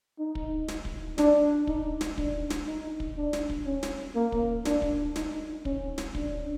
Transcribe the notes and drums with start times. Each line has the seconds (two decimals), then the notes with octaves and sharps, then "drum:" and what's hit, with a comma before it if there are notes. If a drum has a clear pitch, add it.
0.19 D#4
0.35 drum: kick
0.68 drum: snare
0.85 drum: kick
1.18 D4, drum: snare
1.67 D#4, drum: kick
2.01 drum: snare
2.18 D4, drum: kick
2.50 drum: snare
2.67 D#4
3.00 drum: kick
3.17 D4
3.33 drum: snare
3.50 drum: kick
3.66 C#4
3.83 drum: snare
4.15 A#3
4.32 drum: kick
4.65 D4, drum: snare
4.82 drum: kick
5.16 D#4, drum: snare
5.65 C#4, drum: kick
5.98 drum: snare
6.15 D4, drum: kick